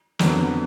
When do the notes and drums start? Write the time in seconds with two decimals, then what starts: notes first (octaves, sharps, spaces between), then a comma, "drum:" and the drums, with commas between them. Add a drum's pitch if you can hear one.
0.19 F2 D3 F#3 B3, drum: snare